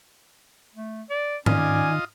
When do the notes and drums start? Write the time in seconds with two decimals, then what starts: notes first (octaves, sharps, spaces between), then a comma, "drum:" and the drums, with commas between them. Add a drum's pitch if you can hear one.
0.75 A3
1.10 D5
1.46 D#3 C#4 F4 D5 D#5 G#5, drum: tom G#2